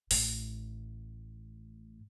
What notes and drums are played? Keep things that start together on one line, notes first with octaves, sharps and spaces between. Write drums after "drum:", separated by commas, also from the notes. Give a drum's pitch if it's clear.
A1 A2, drum: open hi-hat